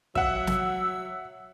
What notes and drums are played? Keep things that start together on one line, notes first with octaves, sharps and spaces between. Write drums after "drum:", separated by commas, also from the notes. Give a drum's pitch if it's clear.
F#3 E5 F#5 E6, drum: kick
drum: snare